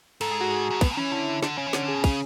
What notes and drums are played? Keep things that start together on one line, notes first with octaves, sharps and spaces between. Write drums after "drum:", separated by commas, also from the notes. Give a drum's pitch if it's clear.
G#2 A4, drum: cymbal
G#4
F#4
G#4
G#2
A2 B3, drum: kick, cymbal
E3 C#4
D3 E4
D3 D4, drum: snare
C#3 C#4
E3
D3 C#4, drum: snare
G#4
B2
C#3, drum: kick, cymbal